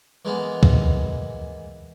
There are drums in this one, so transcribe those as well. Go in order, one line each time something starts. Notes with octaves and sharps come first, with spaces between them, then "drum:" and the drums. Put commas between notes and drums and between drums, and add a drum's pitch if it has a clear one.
E3 G#3 A#3 B3
drum: kick